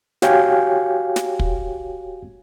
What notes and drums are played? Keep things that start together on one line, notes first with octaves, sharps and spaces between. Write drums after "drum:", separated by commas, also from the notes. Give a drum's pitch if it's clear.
F#4 G4 C#5 F5 G5 G#5, drum: snare
drum: snare
drum: kick